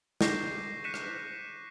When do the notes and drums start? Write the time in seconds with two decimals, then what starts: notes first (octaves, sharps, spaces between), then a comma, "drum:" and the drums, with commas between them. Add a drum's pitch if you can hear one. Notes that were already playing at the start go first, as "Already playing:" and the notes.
0.21 C#6 D6 G6 A#6 C7, drum: snare
0.84 F#6 B6 C#7 D#7 E7
0.94 drum: rim click